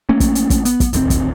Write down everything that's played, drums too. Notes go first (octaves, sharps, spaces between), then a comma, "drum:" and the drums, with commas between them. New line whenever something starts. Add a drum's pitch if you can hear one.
A3 A#3 C#4
drum: kick, hi-hat
drum: hi-hat
drum: kick, hi-hat
B3, drum: hi-hat
drum: kick, hi-hat
D1 D#2 F3 C4, drum: hi-hat
drum: kick, hi-hat